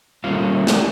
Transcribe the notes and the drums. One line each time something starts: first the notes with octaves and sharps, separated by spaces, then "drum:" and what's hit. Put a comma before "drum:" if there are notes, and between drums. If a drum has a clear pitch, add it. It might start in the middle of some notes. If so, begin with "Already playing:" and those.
G3 A3 A#3 C#4 F4 F5
drum: snare